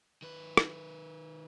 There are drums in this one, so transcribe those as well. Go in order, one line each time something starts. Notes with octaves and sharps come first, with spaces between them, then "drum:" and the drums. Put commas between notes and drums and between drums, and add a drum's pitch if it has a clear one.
D#3 B4
drum: rim click